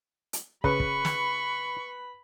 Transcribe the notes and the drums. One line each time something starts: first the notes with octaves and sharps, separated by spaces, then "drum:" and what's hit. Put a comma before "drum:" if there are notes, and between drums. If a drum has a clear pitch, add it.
drum: hi-hat
C#3 B4 B5 C#6, drum: kick
drum: kick
drum: snare